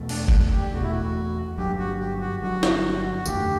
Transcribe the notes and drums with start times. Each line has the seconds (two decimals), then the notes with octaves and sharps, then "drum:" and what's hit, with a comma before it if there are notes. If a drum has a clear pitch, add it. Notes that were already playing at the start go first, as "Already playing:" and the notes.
Already playing: E2 B2 A3
0.09 D4, drum: cymbal
0.28 drum: kick
0.52 G4
0.73 E2 B2 A3 F#4
0.82 E4
0.92 F#4
1.57 G1 G2 F#3 G4
1.79 F#4
1.99 G4
2.21 F#4
2.42 G1 G2 F#3 F#4
2.63 drum: snare
3.17 F#4
3.26 F#1 E2 D3 A3 G4, drum: tambourine